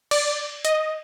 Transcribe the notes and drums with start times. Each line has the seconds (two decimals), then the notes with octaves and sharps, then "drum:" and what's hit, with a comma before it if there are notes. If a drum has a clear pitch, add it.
0.11 D5, drum: cymbal
0.65 D#5, drum: hi-hat